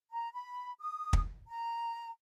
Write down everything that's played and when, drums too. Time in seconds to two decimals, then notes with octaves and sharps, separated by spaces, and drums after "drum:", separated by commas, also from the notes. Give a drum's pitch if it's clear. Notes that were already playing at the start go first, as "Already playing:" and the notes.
0.10 A#5
0.33 B5
0.79 D#6
1.13 drum: kick
1.48 A#5